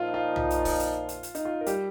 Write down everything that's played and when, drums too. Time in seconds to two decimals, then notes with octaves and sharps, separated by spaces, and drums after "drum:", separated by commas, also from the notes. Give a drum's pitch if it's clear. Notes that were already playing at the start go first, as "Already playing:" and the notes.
Already playing: A#2 F3 D#4 F4
0.14 F4
0.36 drum: tom
0.50 drum: hi-hat
0.65 drum: kick, open hi-hat
0.80 drum: hi-hat
1.09 drum: hi-hat
1.23 drum: hi-hat
1.35 D#4, drum: hi-hat
1.45 F4
1.61 A#4
1.66 G3 G4, drum: hi-hat